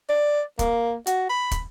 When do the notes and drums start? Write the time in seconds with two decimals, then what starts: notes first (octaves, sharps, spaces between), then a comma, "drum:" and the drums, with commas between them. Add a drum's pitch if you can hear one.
0.09 D5
0.59 A#3, drum: kick, hi-hat
1.07 F#4, drum: hi-hat
1.29 B5
1.51 drum: kick, hi-hat